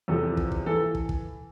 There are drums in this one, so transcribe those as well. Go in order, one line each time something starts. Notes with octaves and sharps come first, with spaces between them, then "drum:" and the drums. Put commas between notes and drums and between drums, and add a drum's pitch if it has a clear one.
E2 C3 F3 A4
drum: kick
drum: kick
E3 A4
drum: kick
drum: kick